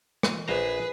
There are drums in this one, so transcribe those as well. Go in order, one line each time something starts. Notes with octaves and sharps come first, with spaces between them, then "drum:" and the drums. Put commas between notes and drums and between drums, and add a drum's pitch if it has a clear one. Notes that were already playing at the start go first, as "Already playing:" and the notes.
drum: rim click
A#1 G#4 B4 C5 A#5